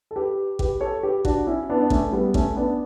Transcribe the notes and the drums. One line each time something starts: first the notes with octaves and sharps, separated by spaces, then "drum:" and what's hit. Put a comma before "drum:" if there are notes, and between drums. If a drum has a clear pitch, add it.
A4
G4 B4
G4 B4, drum: kick A1
A4 C#5
G4 B4
D4 F#4, drum: kick A1
C#4 E4
B3 D4
D4
A3 C#4, drum: kick A1
G3 B3
A3 C#4, drum: kick A1
B3 D4